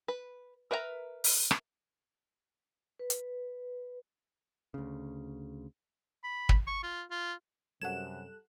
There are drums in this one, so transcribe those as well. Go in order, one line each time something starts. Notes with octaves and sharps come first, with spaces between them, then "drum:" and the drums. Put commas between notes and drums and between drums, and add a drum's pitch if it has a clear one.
B4
A#4 B4 E5 F#5 A#5
drum: open hi-hat
drum: rim click
B4
drum: hi-hat
D2 C#3
B5
drum: kick
C#6
F4
F4
F#2 C3 G3 A4 F#5 F#6 G#6 E7